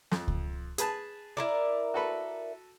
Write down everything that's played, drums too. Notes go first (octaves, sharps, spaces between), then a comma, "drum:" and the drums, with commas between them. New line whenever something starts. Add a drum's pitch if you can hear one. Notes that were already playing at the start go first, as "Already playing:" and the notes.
F2, drum: snare
drum: kick C#2
G#4 B4 A5, drum: hi-hat
E4 A#4 D5
F#4 A4 B4